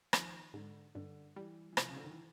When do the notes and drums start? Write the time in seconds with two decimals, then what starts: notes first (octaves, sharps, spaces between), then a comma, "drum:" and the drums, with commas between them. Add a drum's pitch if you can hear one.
0.13 D#3 F3, drum: rim click
0.54 G#2 D3
0.95 G2 D3
1.36 E3 G3
1.73 E3
1.77 C3 F3, drum: rim click
1.89 C#3
1.96 D3
2.03 D#3
2.11 E3